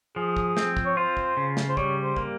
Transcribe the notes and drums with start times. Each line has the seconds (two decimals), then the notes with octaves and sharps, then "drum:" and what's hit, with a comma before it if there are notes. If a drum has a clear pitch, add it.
0.16 F3 G#4
0.37 drum: kick
0.57 C4, drum: snare
0.77 drum: kick
0.86 C#5
0.97 F4 C5
1.17 drum: kick
1.37 C#3
1.57 drum: snare
1.69 C5
1.77 G3 C#5, drum: kick
2.03 C5
2.17 A#3, drum: kick